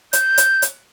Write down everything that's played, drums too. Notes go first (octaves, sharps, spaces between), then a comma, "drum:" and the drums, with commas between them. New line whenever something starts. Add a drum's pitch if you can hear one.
G6, drum: hi-hat
drum: hi-hat
drum: hi-hat